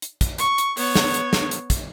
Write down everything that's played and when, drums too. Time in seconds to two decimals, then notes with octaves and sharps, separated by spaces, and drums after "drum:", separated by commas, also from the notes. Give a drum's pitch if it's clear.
0.02 drum: hi-hat
0.21 drum: kick, hi-hat
0.38 C#6, drum: hi-hat
0.58 drum: hi-hat
0.77 B3 C#5, drum: open hi-hat
0.95 drum: snare
1.14 drum: hi-hat
1.33 drum: snare
1.51 drum: hi-hat
1.70 drum: kick, hi-hat